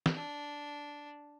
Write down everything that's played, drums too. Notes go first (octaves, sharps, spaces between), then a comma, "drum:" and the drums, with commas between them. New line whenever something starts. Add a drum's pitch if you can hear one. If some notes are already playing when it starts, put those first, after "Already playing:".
drum: snare
D4